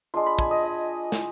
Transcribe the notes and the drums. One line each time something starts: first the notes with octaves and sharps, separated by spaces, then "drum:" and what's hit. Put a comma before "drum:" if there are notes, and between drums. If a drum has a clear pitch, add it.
G#3 D4 F4 C6
B5
G#5, drum: kick
D#5
D#5
drum: snare